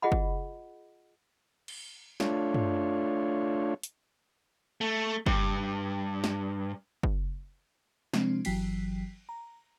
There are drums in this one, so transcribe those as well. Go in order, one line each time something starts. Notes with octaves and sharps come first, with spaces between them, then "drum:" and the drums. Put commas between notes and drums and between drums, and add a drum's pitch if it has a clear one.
F4 G#4 D#5 F#5 B5
drum: kick
drum: cymbal
A3 D4 F4 C#5, drum: snare
drum: tom
drum: hi-hat
A3
G2, drum: kick
drum: snare
drum: kick
C3 F3 G#3 C4 D4, drum: snare
G1 E3 F#3 G5 B6 C7, drum: cymbal
A#5